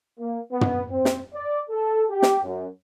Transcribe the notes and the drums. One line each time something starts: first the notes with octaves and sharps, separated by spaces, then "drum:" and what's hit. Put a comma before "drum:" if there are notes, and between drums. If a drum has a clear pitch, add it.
A#3
B3
drum: tom
C4
drum: snare
D5
A4
G4
drum: snare
F#2